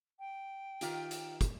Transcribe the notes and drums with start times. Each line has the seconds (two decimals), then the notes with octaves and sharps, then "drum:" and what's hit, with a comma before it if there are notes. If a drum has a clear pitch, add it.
0.19 G5
0.81 D#3 F4 G4, drum: hi-hat
1.11 drum: hi-hat
1.41 drum: kick, hi-hat